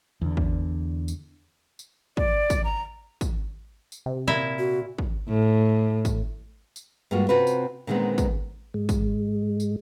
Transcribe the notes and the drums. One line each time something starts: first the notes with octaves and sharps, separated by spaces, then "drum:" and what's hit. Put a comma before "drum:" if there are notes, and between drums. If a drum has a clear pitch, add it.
E2 D3
drum: kick
drum: tambourine
drum: tambourine
D5, drum: kick
drum: kick, tambourine
A#5
drum: kick, tambourine
drum: tambourine
C3
A#2 E4 E5
F#4
drum: kick
A2
drum: kick, tambourine
drum: tambourine
G2 G#3 A#3 F4 F#4
C3 C4 F4 F#4 B4
drum: tambourine
A#2 D3 D#3 G#3 B3 C4
drum: kick, tambourine
G#2 G#3
drum: kick, tambourine
drum: tambourine